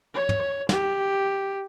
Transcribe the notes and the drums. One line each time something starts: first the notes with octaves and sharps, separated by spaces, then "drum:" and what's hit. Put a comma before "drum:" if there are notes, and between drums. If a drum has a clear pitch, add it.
C#5
drum: tom
G4, drum: snare